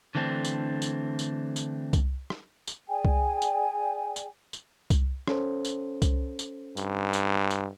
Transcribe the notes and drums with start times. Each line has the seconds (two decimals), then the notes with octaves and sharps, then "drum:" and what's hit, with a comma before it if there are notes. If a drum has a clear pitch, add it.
0.15 D3 E3 A3 C4 D4
0.45 drum: tambourine
0.82 drum: tambourine
1.19 drum: tambourine
1.56 drum: tambourine
1.93 drum: kick C2, tambourine
2.30 drum: rim click
2.67 drum: tambourine
2.89 G#4 D5 G5 G#5
3.05 drum: kick C2
3.42 drum: tambourine
4.16 drum: tambourine
4.53 drum: tambourine
4.90 drum: kick C2, tambourine
5.28 C#4 A4 C5, drum: rim click
5.65 drum: tambourine
6.02 drum: kick C2, tambourine
6.39 drum: tambourine
6.77 G2, drum: tambourine
7.13 drum: tambourine
7.50 drum: tambourine